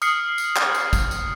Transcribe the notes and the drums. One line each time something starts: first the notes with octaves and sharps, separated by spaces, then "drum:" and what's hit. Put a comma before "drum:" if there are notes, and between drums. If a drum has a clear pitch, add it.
D#6 F6 C7 C#7, drum: tambourine
drum: tambourine
drum: clap
drum: tambourine
drum: kick, tambourine
drum: tambourine